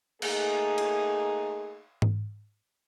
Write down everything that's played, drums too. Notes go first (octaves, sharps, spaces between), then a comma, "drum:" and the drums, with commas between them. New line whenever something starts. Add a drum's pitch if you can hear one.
A3 A#3 D#4 G#4, drum: cymbal
drum: cymbal
drum: tom G#2